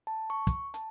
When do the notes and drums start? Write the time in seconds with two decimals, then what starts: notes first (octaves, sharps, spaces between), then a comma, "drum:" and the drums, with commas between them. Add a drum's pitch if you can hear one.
0.07 A5
0.30 C#6
0.47 drum: kick, hi-hat
0.74 A5, drum: hi-hat